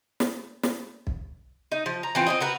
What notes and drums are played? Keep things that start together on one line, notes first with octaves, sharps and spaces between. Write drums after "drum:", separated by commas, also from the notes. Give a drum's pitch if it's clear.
drum: snare
drum: snare
drum: kick
D#4
F3
A#5
E3 C4 F4
C4 C#4 D#5
F#4 A#4 B4